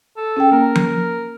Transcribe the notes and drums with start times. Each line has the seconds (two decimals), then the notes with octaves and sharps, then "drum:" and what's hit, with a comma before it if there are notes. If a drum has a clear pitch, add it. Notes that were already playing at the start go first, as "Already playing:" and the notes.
0.17 A4
0.37 C#4 G#4 G5
0.52 A#3 A#4
0.75 drum: tom F3